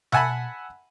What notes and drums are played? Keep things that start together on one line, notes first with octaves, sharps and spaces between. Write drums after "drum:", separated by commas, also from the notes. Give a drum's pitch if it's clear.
E5 F#5 G#5 A5 B5, drum: tom B2